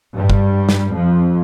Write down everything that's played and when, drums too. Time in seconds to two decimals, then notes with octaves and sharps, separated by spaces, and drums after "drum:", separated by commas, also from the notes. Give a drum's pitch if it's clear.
0.16 G2 G3
0.30 drum: kick
0.69 drum: snare
0.95 F2 F3